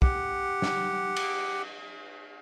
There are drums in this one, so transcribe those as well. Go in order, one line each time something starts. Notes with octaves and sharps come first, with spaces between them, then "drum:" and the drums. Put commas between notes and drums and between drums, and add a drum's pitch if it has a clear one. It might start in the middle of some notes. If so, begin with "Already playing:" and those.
G4 F#5, drum: kick
drum: snare
drum: cymbal